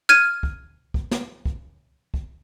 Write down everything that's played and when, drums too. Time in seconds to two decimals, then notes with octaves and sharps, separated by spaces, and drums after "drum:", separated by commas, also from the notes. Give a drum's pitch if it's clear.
0.09 F6 G#6 D#7
0.43 drum: kick
0.94 drum: kick
1.11 drum: snare
1.45 drum: kick
2.14 drum: kick